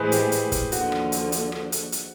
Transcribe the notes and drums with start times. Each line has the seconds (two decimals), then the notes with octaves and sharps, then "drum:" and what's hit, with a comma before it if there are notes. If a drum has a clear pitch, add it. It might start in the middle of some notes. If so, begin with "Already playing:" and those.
Already playing: A2 E3 G#3 G#4 B4 C5
0.12 G4, drum: hi-hat
0.32 drum: hi-hat
0.52 drum: kick, hi-hat
0.72 D#2 D3 F3 F#4, drum: hi-hat
0.92 drum: rim click
1.12 drum: hi-hat
1.32 drum: hi-hat
1.52 drum: rim click
1.72 drum: hi-hat
1.92 drum: hi-hat